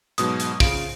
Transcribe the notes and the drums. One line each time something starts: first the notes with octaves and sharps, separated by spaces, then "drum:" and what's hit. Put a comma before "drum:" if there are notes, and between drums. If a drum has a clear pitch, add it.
G#2 B2 F#3 D#6, drum: hi-hat
drum: hi-hat
C#3 F4 D7, drum: kick, open hi-hat